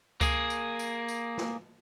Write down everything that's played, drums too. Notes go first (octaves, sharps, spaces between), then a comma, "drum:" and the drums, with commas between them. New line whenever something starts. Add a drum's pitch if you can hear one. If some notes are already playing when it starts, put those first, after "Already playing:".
A#3 G#4, drum: kick C#2, tambourine
drum: tambourine
drum: tambourine
drum: tambourine
drum: snare